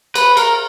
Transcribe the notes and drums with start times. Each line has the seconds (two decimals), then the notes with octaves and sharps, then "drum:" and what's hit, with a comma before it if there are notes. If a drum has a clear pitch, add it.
0.15 B4, drum: cymbal
0.37 A#4, drum: cymbal